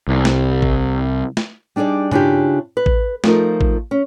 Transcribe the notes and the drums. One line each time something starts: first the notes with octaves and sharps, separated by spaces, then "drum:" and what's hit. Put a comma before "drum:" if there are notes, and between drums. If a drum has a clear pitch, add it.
C2
drum: snare
drum: kick A1
drum: snare
G3 D4 D#4 G#4 D5
C#3 D4 E4 F4 G4, drum: tom G2
B4
drum: kick A1
F3 A3 D#4 F4 A#4, drum: snare
drum: kick A1
C#4